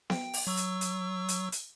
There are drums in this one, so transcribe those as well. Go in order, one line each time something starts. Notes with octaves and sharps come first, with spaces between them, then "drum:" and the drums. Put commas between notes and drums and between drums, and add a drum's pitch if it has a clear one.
G5, drum: snare B3
drum: open hi-hat
F#3 C#6 E6
drum: hi-hat
drum: hi-hat
drum: hi-hat
drum: hi-hat